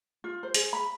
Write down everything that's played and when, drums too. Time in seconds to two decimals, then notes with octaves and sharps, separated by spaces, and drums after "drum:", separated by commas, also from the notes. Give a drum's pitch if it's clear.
0.24 F4
0.43 C5
0.54 G#4, drum: hi-hat
0.73 B5